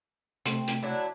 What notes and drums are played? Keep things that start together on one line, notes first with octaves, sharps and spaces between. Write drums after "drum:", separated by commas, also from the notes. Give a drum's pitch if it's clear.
C3 A3 C4, drum: hi-hat
drum: hi-hat
F#3 D4 E4